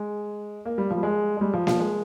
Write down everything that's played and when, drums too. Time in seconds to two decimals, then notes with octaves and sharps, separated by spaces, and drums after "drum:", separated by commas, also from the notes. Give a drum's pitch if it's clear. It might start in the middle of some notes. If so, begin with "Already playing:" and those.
Already playing: G#3
0.65 A#3
0.78 G3
0.90 F3
0.97 G3
1.03 G#3
1.37 G#3
1.41 G3
1.53 F3
1.67 F3, drum: snare A#3
1.79 G#3